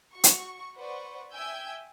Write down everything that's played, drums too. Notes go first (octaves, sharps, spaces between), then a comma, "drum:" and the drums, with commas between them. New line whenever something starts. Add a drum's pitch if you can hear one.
F#4 C#6
drum: hi-hat
B4 C5 D5 F#5 C#6
E5 G5 G#5 E6 G6 G#6